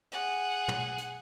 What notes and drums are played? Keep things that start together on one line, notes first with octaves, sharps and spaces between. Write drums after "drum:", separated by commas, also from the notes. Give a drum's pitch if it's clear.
G#4 F#5, drum: hi-hat
drum: tom
drum: hi-hat